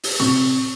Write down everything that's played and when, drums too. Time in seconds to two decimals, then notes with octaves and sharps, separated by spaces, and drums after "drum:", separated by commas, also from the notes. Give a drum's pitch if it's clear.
0.03 drum: open hi-hat
0.20 C3 C#6, drum: tom